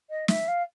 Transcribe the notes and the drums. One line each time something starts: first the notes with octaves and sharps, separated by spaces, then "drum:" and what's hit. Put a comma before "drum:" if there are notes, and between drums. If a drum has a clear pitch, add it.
D#5
E5, drum: snare
F5